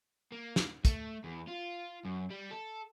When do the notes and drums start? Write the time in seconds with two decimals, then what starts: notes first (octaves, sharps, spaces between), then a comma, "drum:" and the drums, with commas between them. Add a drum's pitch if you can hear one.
0.32 A#3
0.56 drum: snare
0.85 A3, drum: kick, hi-hat
1.24 E2
1.48 F4
2.05 F#2
2.31 G3
2.51 A4